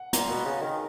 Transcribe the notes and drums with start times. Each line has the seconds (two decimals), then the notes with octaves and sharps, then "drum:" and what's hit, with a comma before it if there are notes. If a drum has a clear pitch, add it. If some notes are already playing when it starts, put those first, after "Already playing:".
Already playing: F#5
0.13 A#2 A#5, drum: hi-hat
0.29 B2
0.45 C#3
0.61 D#3